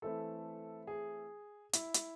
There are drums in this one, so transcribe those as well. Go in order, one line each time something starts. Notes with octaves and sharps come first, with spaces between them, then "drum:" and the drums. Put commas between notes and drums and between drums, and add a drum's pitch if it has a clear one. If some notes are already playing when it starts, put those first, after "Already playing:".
E3 A3 C4 E4 A4
G#4
E4, drum: hi-hat
drum: hi-hat